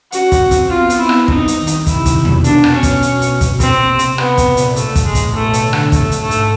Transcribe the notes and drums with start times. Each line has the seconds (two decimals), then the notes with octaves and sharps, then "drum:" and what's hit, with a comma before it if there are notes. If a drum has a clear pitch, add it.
0.12 C#4 F#4, drum: hi-hat
0.32 drum: kick, hi-hat
0.41 C4
0.51 drum: kick, hi-hat
0.70 B3 F4
0.90 drum: hi-hat
0.99 C4 E4
1.09 drum: rim click
1.28 G3 D#4, drum: kick
1.48 drum: hi-hat
1.57 D#3
1.67 drum: hi-hat
1.86 C3 E4, drum: kick, hi-hat
2.06 drum: kick, hi-hat
2.16 B2
2.25 drum: tom E2
2.44 D4, drum: hi-hat
2.64 drum: rim click
2.73 C#4
2.83 drum: kick, hi-hat
3.02 drum: hi-hat
3.22 drum: hi-hat
3.41 drum: kick, hi-hat
3.60 A#2 C4, drum: kick, hi-hat
3.89 C3
3.99 drum: hi-hat
4.18 C3 B3, drum: rim click
4.38 drum: kick, hi-hat
4.47 A#2
4.57 drum: hi-hat
4.76 A2 A3, drum: hi-hat
4.96 drum: kick, hi-hat
5.05 A2 G#3
5.15 drum: kick, hi-hat
5.34 B2 A3
5.53 drum: hi-hat
5.63 D3
5.73 drum: rim click
5.92 C3 A3, drum: kick, hi-hat
6.11 drum: hi-hat
6.21 G#2 A3
6.31 drum: hi-hat